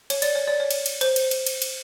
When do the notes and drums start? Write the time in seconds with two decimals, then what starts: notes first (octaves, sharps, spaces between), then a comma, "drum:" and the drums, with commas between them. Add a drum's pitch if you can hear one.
0.10 C#5, drum: cymbal
0.22 D5, drum: cymbal
0.35 C#5
0.48 D5
0.60 C#5
0.71 drum: cymbal
0.86 drum: cymbal
1.01 C5, drum: cymbal
1.16 drum: cymbal
1.31 drum: cymbal
1.46 drum: cymbal
1.62 drum: cymbal